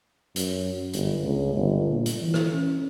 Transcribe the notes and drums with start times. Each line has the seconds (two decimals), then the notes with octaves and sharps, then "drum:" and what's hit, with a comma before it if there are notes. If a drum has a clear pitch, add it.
0.36 F#2, drum: hi-hat
0.93 G1, drum: hi-hat
1.24 C#2
1.55 G1
1.89 A#2
2.06 drum: hi-hat
2.21 E3
2.34 drum: rim click
2.53 C#4